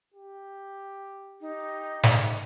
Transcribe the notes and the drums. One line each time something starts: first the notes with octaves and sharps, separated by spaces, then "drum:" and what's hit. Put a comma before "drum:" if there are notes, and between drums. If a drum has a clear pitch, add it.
G4
D#4 G4
drum: snare